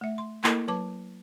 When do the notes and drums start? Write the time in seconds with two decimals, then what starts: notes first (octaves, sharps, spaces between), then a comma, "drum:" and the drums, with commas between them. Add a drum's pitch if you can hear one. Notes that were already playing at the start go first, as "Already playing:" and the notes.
0.01 A3 E5
0.18 C6
0.44 A#3 E4 A4 A#4 D#5, drum: clap
0.68 F#3 B4 A5 D6